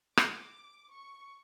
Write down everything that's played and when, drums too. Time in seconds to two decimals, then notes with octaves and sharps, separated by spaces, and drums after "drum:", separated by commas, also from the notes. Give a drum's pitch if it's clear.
0.17 D6, drum: rim click
0.91 C#6